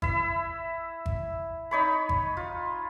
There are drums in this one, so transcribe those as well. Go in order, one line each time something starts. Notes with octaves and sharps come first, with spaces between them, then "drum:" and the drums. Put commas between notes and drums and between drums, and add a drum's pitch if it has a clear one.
E4 E5, drum: kick G#1
drum: kick G#1
D#4 C#5 B5
drum: kick G#1
F4